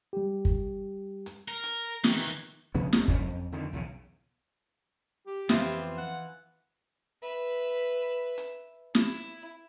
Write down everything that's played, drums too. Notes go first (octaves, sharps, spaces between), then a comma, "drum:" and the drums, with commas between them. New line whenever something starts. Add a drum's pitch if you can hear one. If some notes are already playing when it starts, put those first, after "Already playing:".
G3 G4
drum: kick
drum: hi-hat
A#4
drum: hi-hat
D#3 E3, drum: snare
C3 F3 B3 C#4
F1 D#2 C3 A3, drum: snare
F#1 F#2 A#2 C#4, drum: kick
F2
F2 D3 D#3
B1 E2 C#3
G4
F2 E3 B3 E4 F4 C5, drum: snare
F#5
B4 E5
drum: hi-hat
E4, drum: snare